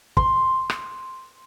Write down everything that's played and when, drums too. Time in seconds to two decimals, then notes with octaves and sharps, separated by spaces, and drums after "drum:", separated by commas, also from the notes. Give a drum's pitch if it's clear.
0.17 C6, drum: kick
0.70 drum: rim click